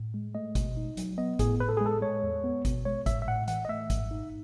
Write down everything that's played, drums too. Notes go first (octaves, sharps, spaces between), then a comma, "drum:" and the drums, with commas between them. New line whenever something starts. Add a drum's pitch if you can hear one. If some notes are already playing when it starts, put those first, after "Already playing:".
Already playing: A2
G#3
A3 D#5
B2, drum: kick G#1, hi-hat
D#4
F#3, drum: hi-hat
B3 D#5
A2 G#4, drum: kick G#1, hi-hat
A2 B4
A4
G#3 G#4
A4
G#3 C#5
E2
B3
B2, drum: kick G#1, hi-hat
G#3 C#5
A2 E5, drum: kick G#1, hi-hat
E5
A2 F#5
E3 F#5, drum: hi-hat
D#5
A3 E5
G#2, drum: kick G#1, hi-hat
D#4